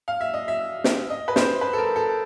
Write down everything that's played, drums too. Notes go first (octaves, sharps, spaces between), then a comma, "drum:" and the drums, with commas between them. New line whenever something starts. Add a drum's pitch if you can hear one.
F5
E5
D#5
E5
drum: snare
D#5
B4
C5, drum: snare
B4
A4
A#4
A4